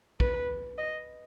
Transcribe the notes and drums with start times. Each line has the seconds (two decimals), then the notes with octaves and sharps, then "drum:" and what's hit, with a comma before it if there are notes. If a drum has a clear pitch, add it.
0.20 B4, drum: kick
0.78 D#5